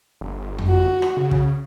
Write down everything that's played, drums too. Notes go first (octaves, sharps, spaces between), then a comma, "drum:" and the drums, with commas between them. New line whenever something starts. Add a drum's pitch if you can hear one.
G1
drum: tom F2
F#4
drum: rim click
C#3
drum: kick